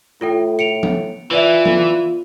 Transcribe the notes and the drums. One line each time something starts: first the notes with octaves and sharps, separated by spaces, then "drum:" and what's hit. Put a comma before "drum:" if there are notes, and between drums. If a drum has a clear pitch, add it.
A2 F4 A4 G5
C#7 D7 F7
drum: tom F3
E3 F4 B4 D5 E5
drum: tom F3